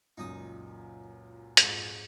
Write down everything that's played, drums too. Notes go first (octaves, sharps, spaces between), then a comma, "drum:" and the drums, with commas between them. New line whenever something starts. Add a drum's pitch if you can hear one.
C#2 F#2 A#2 D#4 D#6
F2 G#2, drum: hi-hat